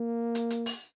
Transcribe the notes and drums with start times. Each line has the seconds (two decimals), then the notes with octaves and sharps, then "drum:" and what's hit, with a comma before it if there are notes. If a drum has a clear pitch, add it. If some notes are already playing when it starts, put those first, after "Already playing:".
Already playing: A#3
0.35 drum: hi-hat
0.50 drum: hi-hat
0.66 drum: open hi-hat